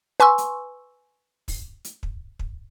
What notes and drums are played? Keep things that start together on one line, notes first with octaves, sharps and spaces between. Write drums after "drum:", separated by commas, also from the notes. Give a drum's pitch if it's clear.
B4 G#5 C6 C#6 E6
drum: hi-hat
drum: kick, open hi-hat
drum: hi-hat
drum: kick
drum: kick